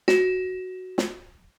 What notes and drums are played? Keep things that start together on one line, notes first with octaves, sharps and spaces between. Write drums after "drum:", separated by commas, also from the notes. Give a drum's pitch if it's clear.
F#4, drum: snare
drum: snare